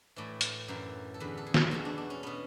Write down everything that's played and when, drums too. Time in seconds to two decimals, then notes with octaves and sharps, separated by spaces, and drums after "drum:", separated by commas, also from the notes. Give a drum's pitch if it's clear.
0.16 A2 E3 D5
0.41 drum: hi-hat
0.68 F#2 E3 D5
1.14 A4
1.20 E2 D3 B4
1.37 A4
1.46 G#4
1.54 A4, drum: snare
1.71 E2 B2 F#4
1.85 D4
1.98 D4
2.10 C#4
2.23 B2 B3